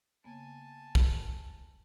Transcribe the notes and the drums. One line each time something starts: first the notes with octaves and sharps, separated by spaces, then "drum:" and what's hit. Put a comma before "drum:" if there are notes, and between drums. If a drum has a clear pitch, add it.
C#3 A#3 B3 G#5 A5
drum: kick